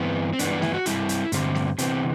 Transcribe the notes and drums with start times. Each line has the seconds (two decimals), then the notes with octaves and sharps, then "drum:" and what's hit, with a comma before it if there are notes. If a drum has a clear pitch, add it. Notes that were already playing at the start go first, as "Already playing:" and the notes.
Already playing: G2 E3 B3 C4
0.33 C4
0.39 G2 E3 B3 D4, drum: hi-hat
0.51 D4
0.62 E4, drum: snare A3
0.74 F#4
0.86 G2 D3 G3 C4 E4, drum: hi-hat
1.09 drum: hi-hat
1.32 G2 D3 G3 C4, drum: hi-hat
1.55 drum: snare A3
1.78 C3 E3 B3 C4, drum: hi-hat